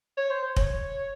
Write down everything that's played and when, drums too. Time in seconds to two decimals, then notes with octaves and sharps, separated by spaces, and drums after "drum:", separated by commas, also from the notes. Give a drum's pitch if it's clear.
0.17 C#5
0.30 C5
0.43 C5
0.56 C#5, drum: kick